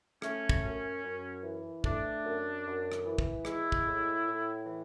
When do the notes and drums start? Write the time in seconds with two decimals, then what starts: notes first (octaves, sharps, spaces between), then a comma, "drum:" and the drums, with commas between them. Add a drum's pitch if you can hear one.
0.22 A3 C#4, drum: rim click
0.49 drum: kick
0.64 F#2
1.04 F#2
1.43 E3
1.84 A3 D4, drum: kick
2.24 F#2
2.65 F#2
2.92 drum: rim click
3.06 E3
3.18 drum: kick
3.45 G#3 E4, drum: rim click
3.72 drum: kick
3.86 A2
4.26 A2
4.66 E3